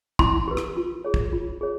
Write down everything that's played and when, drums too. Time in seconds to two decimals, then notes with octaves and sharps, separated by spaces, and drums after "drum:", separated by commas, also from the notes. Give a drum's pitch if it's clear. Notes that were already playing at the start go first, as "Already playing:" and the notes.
0.19 E4 C6, drum: kick
0.48 G4 B4
0.57 drum: rim click
0.77 F4
1.05 G#4 C#5
1.14 drum: kick
1.33 F4
1.61 G#4 C#5